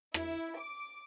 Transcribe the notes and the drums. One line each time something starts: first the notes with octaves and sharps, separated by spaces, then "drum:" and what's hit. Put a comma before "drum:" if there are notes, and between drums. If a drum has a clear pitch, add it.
E4, drum: rim click
D6